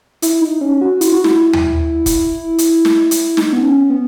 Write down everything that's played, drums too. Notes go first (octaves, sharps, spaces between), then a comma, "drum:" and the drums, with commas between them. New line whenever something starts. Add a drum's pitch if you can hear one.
E4, drum: hi-hat
D#4
C#4
F#4
E4, drum: hi-hat
F#4
E4, drum: snare
drum: tom D#2
drum: kick, hi-hat
drum: hi-hat
drum: snare
drum: hi-hat
D#4, drum: snare
B3
C#4
B3